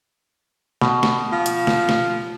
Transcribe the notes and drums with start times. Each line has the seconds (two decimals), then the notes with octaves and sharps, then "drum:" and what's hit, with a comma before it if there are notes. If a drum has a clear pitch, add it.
0.81 B2, drum: snare
1.03 drum: snare
1.32 F3
1.46 drum: hi-hat
1.67 drum: snare
1.89 drum: snare